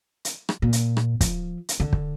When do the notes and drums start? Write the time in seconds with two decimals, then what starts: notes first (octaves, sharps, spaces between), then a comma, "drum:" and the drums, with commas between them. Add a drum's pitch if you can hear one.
0.25 drum: hi-hat
0.49 drum: rim click
0.62 A#2
0.73 drum: hi-hat
0.97 drum: rim click
1.21 F3, drum: kick, hi-hat
1.69 drum: hi-hat
1.80 D3
1.93 drum: kick